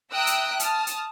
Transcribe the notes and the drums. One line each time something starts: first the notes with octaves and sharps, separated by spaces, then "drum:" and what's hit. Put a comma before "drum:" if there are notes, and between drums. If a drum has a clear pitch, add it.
E5 G5 A#5 D#6 E6 F#6
drum: hi-hat
A5 D#6 F6, drum: hi-hat
drum: hi-hat